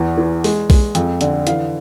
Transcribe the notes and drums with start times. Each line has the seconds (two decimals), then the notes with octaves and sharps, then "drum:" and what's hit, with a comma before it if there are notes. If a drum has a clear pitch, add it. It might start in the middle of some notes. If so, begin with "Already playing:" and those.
Already playing: E2 E3
0.17 E3
0.44 G#3, drum: open hi-hat
0.70 G#3, drum: kick B1, open hi-hat
0.95 F2, drum: hi-hat
1.21 D3, drum: hi-hat
1.47 E3 F5, drum: hi-hat